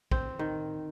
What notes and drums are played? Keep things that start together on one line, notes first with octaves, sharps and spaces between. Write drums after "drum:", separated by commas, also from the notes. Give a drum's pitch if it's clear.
C4, drum: kick
D#3